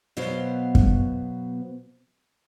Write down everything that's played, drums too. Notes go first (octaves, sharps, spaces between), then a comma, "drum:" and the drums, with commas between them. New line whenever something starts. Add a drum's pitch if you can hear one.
B2 F#3 B3 C5 F5
drum: kick F#2